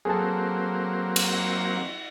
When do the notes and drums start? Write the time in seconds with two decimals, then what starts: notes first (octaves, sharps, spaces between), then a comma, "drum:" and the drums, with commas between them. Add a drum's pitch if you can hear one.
0.05 F#3 A#3 C4 G#4 A4 A5
1.16 drum: cymbal